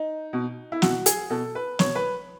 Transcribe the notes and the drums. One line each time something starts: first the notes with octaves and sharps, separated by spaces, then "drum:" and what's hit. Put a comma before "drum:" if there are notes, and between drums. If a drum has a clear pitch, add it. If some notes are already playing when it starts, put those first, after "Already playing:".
Already playing: D#4
B2
E4
B2 F#4, drum: snare
G#4, drum: hi-hat
B2 A4
B4
B2 C#5, drum: snare
B4